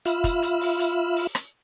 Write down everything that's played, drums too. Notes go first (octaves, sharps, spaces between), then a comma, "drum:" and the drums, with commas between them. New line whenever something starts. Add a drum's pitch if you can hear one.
F4 E5 B5, drum: hi-hat
drum: kick, hi-hat
drum: hi-hat
drum: open hi-hat
drum: hi-hat
drum: open hi-hat
drum: rim click